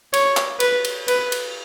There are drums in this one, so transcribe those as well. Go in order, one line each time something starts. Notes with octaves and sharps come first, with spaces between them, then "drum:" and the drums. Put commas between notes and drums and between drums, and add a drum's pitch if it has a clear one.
C#5, drum: cymbal
drum: clap
B4, drum: cymbal
drum: cymbal
B4, drum: cymbal
drum: cymbal